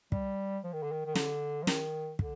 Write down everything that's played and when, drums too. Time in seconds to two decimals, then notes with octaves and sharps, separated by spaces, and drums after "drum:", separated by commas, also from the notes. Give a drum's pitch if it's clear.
0.12 G3, drum: kick
0.64 F3
0.73 D#3
0.83 D3
0.92 D#3
1.06 D#3
1.15 D3, drum: snare
1.63 F3
1.67 D#3, drum: snare
2.19 D3, drum: kick